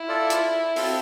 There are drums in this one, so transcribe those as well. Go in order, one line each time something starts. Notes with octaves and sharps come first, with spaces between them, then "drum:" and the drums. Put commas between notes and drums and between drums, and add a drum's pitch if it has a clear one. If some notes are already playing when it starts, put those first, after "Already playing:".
Already playing: E4
F4 A4 D5
drum: hi-hat
C4 F4 A4, drum: open hi-hat